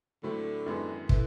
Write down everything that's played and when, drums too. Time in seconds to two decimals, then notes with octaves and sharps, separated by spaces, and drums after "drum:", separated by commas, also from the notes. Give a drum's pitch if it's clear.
0.23 A2 D3 F#3 A3 C4 E4
0.66 F#2 D#3 G#3 B3 E4
1.09 D3 E3, drum: kick